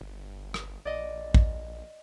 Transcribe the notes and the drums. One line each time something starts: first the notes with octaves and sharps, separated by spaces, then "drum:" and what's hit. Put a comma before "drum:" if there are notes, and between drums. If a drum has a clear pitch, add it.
G1
drum: rim click
A#1 D5 D#5
drum: kick